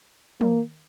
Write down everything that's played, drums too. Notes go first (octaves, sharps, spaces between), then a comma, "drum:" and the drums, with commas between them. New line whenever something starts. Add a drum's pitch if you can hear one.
A#3, drum: tom